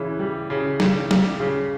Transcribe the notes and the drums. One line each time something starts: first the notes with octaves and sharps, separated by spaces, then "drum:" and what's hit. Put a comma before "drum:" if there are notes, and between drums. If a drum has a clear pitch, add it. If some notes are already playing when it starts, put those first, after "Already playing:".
Already playing: C#3 E3
G3
C#3
G3, drum: snare
G3, drum: snare
C#3